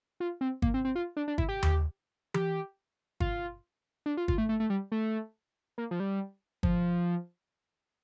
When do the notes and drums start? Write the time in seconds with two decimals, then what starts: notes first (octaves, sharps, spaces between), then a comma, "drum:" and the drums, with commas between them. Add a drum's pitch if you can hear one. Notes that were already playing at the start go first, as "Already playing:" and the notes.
0.20 F4
0.41 C4
0.62 A#3, drum: kick G1
0.74 C4
0.85 C4
0.95 F4
1.17 D4
1.28 D4
1.38 E4, drum: kick G1
1.49 G4
1.63 drum: tom D#2
2.34 G4, drum: tom E3
3.20 F4, drum: kick G1
4.06 D4
4.17 F4
4.28 F4, drum: kick G1
4.38 A3
4.49 A3
4.60 A3
4.70 G3
4.92 A3
5.78 A#3
5.91 F3
6.00 G3
6.63 F3, drum: kick G1